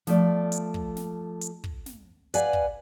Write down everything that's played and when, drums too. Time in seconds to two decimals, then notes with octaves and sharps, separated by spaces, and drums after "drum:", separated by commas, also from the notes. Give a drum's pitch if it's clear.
0.07 F3 A3 D5, drum: snare
0.52 drum: hi-hat
0.74 drum: kick
0.97 drum: snare
1.41 drum: hi-hat
1.64 drum: kick
1.86 drum: snare
2.34 B4 D5 F5 F#5 G#5, drum: hi-hat
2.53 drum: kick